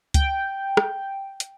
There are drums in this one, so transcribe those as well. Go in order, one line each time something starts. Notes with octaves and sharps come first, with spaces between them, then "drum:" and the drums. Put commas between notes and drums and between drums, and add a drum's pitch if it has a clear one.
G5, drum: kick C#2, hi-hat
drum: rim click
drum: hi-hat